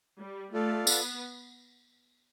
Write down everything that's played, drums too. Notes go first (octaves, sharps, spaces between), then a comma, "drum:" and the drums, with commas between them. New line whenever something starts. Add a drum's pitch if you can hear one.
G3
A3 F4 A4 D5 F5
B3, drum: tambourine